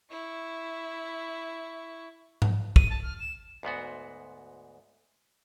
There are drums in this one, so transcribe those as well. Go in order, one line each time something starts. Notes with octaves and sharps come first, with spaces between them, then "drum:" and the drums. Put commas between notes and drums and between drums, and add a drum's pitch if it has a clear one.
E4 C#6
drum: tom G#2
D#7, drum: kick
A5
F6
E7
D2 G#2 B3 F#4